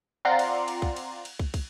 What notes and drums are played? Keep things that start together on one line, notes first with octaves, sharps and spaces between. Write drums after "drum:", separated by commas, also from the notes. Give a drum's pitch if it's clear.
C4 F4 D5 F#5 A#5 C6
drum: cymbal
drum: cymbal
drum: kick
drum: cymbal
drum: cymbal
drum: kick
drum: kick, cymbal